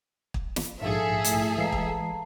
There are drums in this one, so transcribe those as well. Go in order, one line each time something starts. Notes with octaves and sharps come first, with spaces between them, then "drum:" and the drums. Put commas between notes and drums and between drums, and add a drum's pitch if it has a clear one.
drum: kick
drum: snare
A#1 G#2 G#4 A4 E5 F5
A3 E4, drum: hi-hat
E3 G#3 F5 A5 A#5 C7
drum: kick